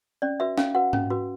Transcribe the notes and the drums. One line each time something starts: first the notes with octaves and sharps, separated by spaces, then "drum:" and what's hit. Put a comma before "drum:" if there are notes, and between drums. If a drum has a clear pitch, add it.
C#4 D5
F#4 B4 E5
C#4 F5, drum: snare
F#4 B4 F#5
C#4, drum: tom G#2
F#4 B4